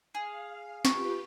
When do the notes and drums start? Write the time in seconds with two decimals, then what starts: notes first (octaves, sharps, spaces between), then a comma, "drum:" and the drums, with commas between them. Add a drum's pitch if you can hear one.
0.15 G#4 F5
0.85 F4 G4 B4 C#6, drum: snare